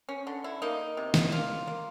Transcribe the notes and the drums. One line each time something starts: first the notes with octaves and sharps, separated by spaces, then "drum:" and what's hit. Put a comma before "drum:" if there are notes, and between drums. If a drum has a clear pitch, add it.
C#4
D3
E4
A#3 D#4
C3
drum: snare
A#3 F4
A#3